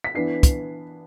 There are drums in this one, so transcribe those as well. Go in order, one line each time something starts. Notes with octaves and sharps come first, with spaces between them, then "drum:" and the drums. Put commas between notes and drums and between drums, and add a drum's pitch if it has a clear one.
B6
E3 B3 D4 C7
drum: kick, hi-hat